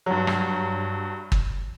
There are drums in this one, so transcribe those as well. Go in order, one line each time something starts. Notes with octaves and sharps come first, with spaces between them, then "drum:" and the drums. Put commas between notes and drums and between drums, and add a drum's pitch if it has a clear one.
G2 F#3
drum: rim click
drum: kick